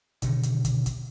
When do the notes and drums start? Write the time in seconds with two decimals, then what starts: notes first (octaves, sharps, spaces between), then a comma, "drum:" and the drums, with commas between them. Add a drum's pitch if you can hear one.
0.22 B2 D3 D#3, drum: kick, hi-hat
0.43 drum: hi-hat
0.65 drum: kick, hi-hat
0.86 drum: kick, hi-hat